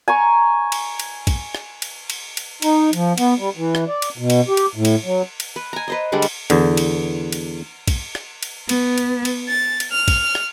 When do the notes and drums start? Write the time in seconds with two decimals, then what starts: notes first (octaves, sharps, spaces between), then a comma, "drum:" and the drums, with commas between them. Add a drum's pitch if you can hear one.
0.08 G#5 A#5 C#6
0.72 drum: cymbal
1.00 drum: cymbal
1.27 drum: kick, cymbal
1.55 drum: rim click
1.82 drum: cymbal
2.10 drum: cymbal
2.37 drum: cymbal
2.62 D#4, drum: cymbal
2.93 F3, drum: cymbal
3.18 B3, drum: cymbal
3.38 G3
3.57 E3
3.75 drum: rim click
3.88 D5
4.02 drum: cymbal
4.18 B2
4.30 drum: cymbal
4.48 G4
4.57 drum: cymbal
4.75 A2
4.85 drum: cymbal
5.04 F#3
5.40 drum: cymbal
5.56 B4
5.73 G#5 A#5
5.88 B4 C5 D#5
6.12 D3 G3 G#3 D4
6.22 drum: cymbal
6.50 E2 D3, drum: cymbal
6.77 drum: cymbal
7.32 drum: cymbal
7.88 drum: kick, cymbal
8.15 drum: rim click
8.43 drum: cymbal
8.69 B3, drum: cymbal
8.98 drum: cymbal
9.25 drum: cymbal
9.49 A6
9.80 drum: cymbal
9.92 F6
10.08 drum: kick, cymbal
10.35 drum: rim click